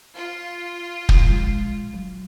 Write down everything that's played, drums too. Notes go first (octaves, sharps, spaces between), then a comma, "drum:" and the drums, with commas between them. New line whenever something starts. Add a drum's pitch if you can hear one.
F4
drum: kick
A#1 G#3
F#3